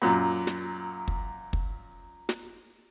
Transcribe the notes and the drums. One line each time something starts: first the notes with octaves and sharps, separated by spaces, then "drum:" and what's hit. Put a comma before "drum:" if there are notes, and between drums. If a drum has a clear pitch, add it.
F#2 A#2
drum: snare
drum: kick
drum: kick
drum: snare